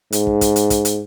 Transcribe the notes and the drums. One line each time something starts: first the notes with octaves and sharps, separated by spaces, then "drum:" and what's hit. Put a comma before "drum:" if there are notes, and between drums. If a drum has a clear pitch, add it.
G#2, drum: hi-hat
drum: kick
drum: kick, hi-hat
drum: hi-hat
drum: kick, hi-hat
drum: hi-hat